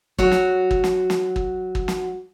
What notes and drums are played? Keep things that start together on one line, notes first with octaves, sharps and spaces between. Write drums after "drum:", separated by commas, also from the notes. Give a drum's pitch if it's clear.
F#3 F#4 C#5, drum: kick
drum: snare
drum: kick
drum: snare
drum: snare
drum: kick
drum: kick
drum: snare